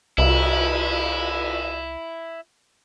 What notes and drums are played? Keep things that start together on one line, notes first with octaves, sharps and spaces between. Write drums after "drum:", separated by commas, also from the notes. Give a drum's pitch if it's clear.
C2 E4, drum: cymbal